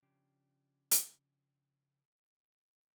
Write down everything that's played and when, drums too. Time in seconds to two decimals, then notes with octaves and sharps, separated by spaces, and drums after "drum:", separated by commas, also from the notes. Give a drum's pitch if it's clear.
0.03 C#3 F3 D4 G4
0.91 drum: hi-hat